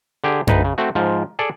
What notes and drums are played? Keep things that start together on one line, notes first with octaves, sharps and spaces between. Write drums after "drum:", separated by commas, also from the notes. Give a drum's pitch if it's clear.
D3 G4 G#4
D2 D#4 B4, drum: tom F#2
C#3
A3 C4 F#4
G#2 F3
G#4 A4 D5